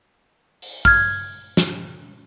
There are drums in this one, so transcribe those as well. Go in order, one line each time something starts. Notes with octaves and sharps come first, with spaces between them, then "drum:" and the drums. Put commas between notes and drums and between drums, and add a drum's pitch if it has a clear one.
drum: open hi-hat
F6 G#6, drum: kick
drum: snare